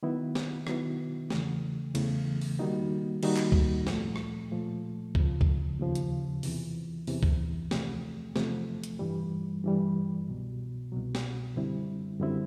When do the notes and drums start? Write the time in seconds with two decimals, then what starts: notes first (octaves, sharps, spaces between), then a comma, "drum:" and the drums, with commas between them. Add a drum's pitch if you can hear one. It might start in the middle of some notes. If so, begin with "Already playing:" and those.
0.03 D#3 F#3 B3 E4
0.35 drum: snare
0.67 D#3 F#3 B3 E4, drum: rim click
1.30 E2 C#3 E3 A3, drum: snare
1.95 E2 C#3 E3 A3, drum: cymbal
2.41 drum: open hi-hat
2.59 D#3 G3 A#3 D#4 F#4
3.23 D#3 G3 A#3 D#4 F#4, drum: cymbal
3.37 drum: clap
3.52 drum: kick
3.87 A#2 F3 A3, drum: snare
4.16 drum: rim click
4.51 A#2 F3 A3
5.15 D#2 C#3 F3, drum: kick
5.41 drum: kick
5.79 D#2 C#3 F3
5.95 drum: hi-hat
6.43 E2 C3 E3, drum: open hi-hat
7.07 E2 C3 E3, drum: open hi-hat
7.23 drum: kick
7.71 E2 C3 F3 A3, drum: snare
8.36 E2 C3 F3 A3, drum: snare
8.84 drum: hi-hat
8.99 G2 E3 G3
9.64 G2 E3 G3
10.28 C2 B2 F#3
10.92 C2 B2 F#3
11.15 drum: snare
11.56 F#2 D3 G3 C4 E4
12.20 F#2 D3 G3 C4 E4